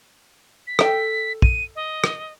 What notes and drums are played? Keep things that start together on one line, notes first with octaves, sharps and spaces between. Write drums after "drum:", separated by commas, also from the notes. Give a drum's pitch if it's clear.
B6
A4 G5, drum: rim click
D#7, drum: kick
D#5
drum: rim click